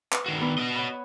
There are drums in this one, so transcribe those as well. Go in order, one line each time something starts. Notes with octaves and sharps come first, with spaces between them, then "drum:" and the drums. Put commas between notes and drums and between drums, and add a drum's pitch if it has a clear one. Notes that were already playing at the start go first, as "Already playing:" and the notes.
B4, drum: clap
D#3 F#4
B3 D4 B4
F#4 D#5 D#6
C#5 F#5 B5